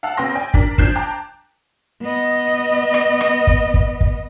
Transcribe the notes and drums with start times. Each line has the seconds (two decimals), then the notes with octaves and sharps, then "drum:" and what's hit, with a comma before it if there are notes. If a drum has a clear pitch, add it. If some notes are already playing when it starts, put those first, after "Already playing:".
0.03 F5 F#5 A5 E6
0.17 C#3 B3 G5 C6 A#6
0.35 D5 G5 G#5
0.54 D4 A#4 B6, drum: kick
0.78 F3 D4 G6 G#6 C7 E7, drum: kick
0.95 G5 A5 A#5 D6 F#6
2.02 B3 D#5
2.94 drum: rim click
3.21 drum: rim click
3.47 drum: kick
3.74 drum: kick
4.01 drum: kick